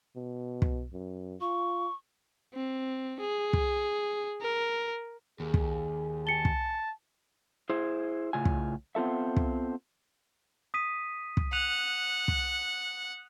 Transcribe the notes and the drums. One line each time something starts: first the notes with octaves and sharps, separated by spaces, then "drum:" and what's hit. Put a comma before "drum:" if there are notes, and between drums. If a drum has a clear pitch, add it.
B2
drum: kick
F#2
F4 C#6
C4
G#4
drum: kick
A#4
D#2 G#4
drum: kick
G#5 A5 C#7 G7
drum: kick
E4 G#4 C5
A2 C#3 F4 G#5
drum: kick
B3 C4 F4 A4 E5
drum: kick
D#6 B6 D#7
drum: kick
F#5 F#6 D#7 F7
drum: kick